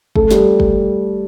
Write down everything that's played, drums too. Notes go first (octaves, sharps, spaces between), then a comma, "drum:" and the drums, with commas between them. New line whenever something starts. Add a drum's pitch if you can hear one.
A3 A4, drum: kick
G3 G4, drum: snare
drum: kick